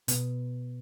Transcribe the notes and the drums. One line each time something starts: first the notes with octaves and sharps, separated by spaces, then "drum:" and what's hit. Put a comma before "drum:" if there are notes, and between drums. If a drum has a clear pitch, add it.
B2, drum: hi-hat